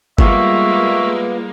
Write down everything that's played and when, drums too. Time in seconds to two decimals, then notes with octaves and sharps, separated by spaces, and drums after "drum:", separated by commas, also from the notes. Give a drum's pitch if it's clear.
0.18 G3 G#3 A#3 B3 F4 B4 E5 C#6, drum: kick G1